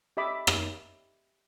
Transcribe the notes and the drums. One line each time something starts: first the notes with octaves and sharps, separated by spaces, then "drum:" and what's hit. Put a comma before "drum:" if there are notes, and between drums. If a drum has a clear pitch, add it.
G4 D#5 E5 B5 D6 E6
drum: rim click